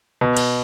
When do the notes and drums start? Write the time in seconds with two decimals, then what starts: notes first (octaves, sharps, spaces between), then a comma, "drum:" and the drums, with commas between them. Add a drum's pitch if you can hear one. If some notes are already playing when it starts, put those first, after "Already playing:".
0.21 B2
0.37 drum: cymbal